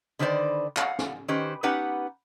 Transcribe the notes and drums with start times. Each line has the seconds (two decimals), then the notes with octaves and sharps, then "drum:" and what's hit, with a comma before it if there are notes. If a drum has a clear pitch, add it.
0.19 D3 D#3 B3 B4 C5 D5
0.77 F5 F#5, drum: clap
0.99 drum: snare
1.28 D#3 C#4 G4 B4 C5
1.63 B3 C#4 D#4 G4 B4 F#5